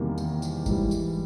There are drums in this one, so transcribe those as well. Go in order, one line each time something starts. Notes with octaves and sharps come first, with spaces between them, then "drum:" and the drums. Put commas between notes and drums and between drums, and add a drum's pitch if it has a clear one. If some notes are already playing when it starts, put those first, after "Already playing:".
Already playing: E2 C3 D#3 G3 A#3
drum: tambourine
drum: tambourine
G#2 E3 G3, drum: kick G1, tambourine
drum: tambourine